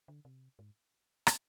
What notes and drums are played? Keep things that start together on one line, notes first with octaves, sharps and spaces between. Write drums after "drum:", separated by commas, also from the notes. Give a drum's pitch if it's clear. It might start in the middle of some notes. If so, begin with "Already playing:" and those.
D3
C3
G#2
drum: rim click